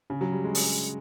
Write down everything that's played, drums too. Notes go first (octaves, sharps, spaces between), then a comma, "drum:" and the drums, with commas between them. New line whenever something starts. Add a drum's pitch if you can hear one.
C#3
F#3
G3
G#3
drum: open hi-hat